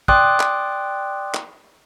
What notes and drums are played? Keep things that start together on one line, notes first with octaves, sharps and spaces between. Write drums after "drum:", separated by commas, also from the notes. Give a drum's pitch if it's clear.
D5 G5 C6 D6 D#6 F#6, drum: kick
drum: clap
drum: clap